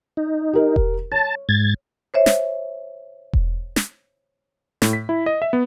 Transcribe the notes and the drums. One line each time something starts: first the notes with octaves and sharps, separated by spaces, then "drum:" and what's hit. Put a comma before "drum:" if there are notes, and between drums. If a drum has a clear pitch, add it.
D#4
G4 A#4
drum: kick E1
C#5 A5
G#2 G#6 A6
C5 C#5 E5
drum: snare
drum: kick E1
drum: snare
A2, drum: snare
B6
E4
D#5
E5
B3